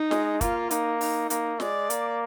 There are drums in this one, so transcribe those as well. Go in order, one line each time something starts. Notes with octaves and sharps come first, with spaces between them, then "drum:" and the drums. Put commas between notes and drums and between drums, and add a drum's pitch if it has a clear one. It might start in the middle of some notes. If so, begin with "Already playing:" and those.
Already playing: D#4
G#3, drum: snare
A#3 F4, drum: kick, hi-hat
A#3 D#4, drum: hi-hat
D#4, drum: open hi-hat
A#3, drum: hi-hat
G#3 D5, drum: snare
A#3, drum: hi-hat